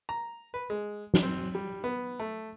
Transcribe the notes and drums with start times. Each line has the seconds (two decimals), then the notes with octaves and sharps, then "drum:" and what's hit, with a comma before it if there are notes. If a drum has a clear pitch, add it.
0.09 A#5
0.54 B4
0.70 G#3
1.14 drum: snare
1.23 C4
1.55 G3
1.84 B3
2.19 A3